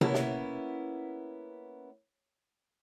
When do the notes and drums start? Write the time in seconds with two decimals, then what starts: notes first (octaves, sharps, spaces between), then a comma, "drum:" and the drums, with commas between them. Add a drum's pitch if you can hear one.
0.01 A#3 B3 C#4 E4, drum: tom C3
0.14 drum: snare